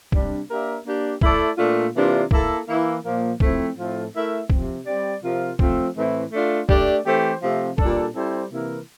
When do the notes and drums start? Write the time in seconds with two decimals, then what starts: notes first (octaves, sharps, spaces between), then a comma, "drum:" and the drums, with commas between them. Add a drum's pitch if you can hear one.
0.12 C3 G3 D4, drum: kick
0.49 A#3 D4 G4 A#4 E5
0.85 A#3 D4 G4
1.21 A3 E4 A4 D5, drum: kick
1.58 A#2 A3 D4 F4
1.94 C3 E3 A#3 D4 F4
2.31 A#3 E4 A4, drum: kick
2.68 E3 A#3 E4
3.04 A#2 F3 A#3
3.40 F3 A3 C4 E4, drum: kick
3.77 A2 F3 C4 F4 A4
4.14 A3 E4 A#4 E5
4.50 C3 F3 C4, drum: kick
4.86 G3 C4 G4 D5
5.23 C3 F3 C4 F4 A#4
5.59 F3 A3 C4, drum: kick
5.96 A2 E3 A3 C4 E4
6.32 A3 D4 F4
6.69 A3 D4 G4 D5, drum: kick
7.05 E3 A3 C4 G4 C5
7.42 C3 F3 A3 C4
7.78 A#2 G3 D4 A4, drum: kick
8.15 G3 C4 E4 A4 C5
8.51 C3 E3 A#3 E4 A#4